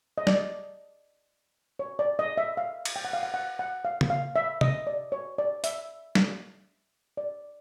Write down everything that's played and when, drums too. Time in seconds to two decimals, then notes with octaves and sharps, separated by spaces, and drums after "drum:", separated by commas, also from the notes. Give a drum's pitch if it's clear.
0.18 D#5
0.27 D5, drum: snare
1.79 C#5
1.99 D5
2.19 D#5
2.38 E5
2.57 F5
2.85 drum: cymbal
2.96 G5
3.05 F#5
3.13 F5
3.23 F#5
3.34 F#5
3.59 F#5
3.85 F5
4.01 drum: tom C#3
4.10 F5
4.36 E5
4.61 D#5, drum: tom C3
4.87 D5
5.12 C#5
5.38 D5
5.64 E5, drum: hi-hat
6.15 drum: snare
7.17 D5